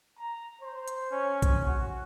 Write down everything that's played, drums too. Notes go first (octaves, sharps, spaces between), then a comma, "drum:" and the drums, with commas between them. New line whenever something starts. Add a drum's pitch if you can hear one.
A#5
C5
drum: hi-hat
C#4
drum: kick A#1, hi-hat
F#4